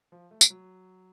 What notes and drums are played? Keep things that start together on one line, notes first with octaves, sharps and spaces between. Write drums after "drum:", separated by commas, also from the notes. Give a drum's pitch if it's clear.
F3
A3
drum: tambourine
F#3